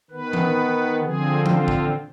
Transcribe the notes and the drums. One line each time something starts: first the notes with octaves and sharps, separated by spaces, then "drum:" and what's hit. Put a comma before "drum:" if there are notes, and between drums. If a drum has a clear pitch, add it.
D#3 B3 B4
drum: tom E3
D3 F3 C4 G#4
F4, drum: tom E3
drum: kick